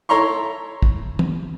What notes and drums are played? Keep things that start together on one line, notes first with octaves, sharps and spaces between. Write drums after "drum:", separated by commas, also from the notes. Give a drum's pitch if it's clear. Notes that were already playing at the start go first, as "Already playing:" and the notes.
E4 A4 C#5 A#5 C6 C#6
drum: kick
drum: tom